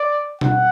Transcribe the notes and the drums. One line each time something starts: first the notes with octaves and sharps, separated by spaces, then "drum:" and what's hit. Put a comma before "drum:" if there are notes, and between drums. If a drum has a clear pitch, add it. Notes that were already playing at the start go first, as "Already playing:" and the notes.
Already playing: D5
F#5, drum: tom B2